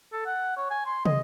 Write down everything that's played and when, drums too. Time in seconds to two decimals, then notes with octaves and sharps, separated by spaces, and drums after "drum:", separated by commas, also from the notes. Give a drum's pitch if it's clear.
0.13 A4
0.26 F#5
0.57 C#5
0.70 G#5
0.86 C6
1.06 D#5, drum: tom